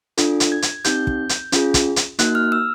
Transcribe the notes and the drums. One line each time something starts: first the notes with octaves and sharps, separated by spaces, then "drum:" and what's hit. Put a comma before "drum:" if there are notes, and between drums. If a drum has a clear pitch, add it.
D4 F4 A4, drum: hi-hat
drum: hi-hat
G#6
drum: hi-hat
C4 D#4 G4 G6, drum: hi-hat
drum: kick
drum: hi-hat
C#4 F4 G#4, drum: hi-hat
drum: kick, hi-hat
drum: hi-hat
A#3 D#4 F#4 F#6, drum: hi-hat
F6
E6